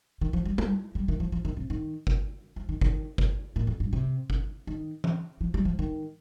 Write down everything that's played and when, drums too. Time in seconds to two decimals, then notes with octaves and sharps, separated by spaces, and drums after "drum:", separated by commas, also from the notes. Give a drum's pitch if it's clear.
0.21 D#3
0.33 F3
0.45 G3
0.58 G3, drum: tom
0.95 G3
1.08 D#3
1.20 F3
1.32 F3
1.45 D#3
1.57 C3
1.70 D#3
2.07 drum: kick G1
2.56 F3
2.69 D#3
2.81 D#3, drum: kick G1
3.18 drum: kick G1
3.56 A#2
3.67 F2
3.80 G2
3.93 C3
4.30 drum: kick G1
4.67 D#3
5.04 drum: tom E3
5.41 F3
5.54 G3
5.65 F3
5.79 D#3